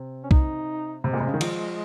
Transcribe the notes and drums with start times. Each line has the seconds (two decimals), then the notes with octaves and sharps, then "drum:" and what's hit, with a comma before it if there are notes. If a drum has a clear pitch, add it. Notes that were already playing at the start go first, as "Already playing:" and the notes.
Already playing: C3
0.23 C#4
0.31 D#4, drum: kick B1
1.04 C3 G#3
1.13 A#2
1.20 C3
1.27 C#3
1.34 D#3
1.41 F3, drum: cymbal